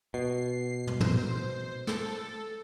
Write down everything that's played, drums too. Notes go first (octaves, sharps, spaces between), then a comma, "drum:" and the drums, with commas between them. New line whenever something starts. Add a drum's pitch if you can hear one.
B2 C7
drum: tom
C5, drum: tom
A4, drum: snare